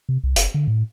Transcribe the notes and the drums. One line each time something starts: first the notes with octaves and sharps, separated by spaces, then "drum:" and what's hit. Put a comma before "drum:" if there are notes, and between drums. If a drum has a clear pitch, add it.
C3
C2
F#1, drum: hi-hat
D3
A2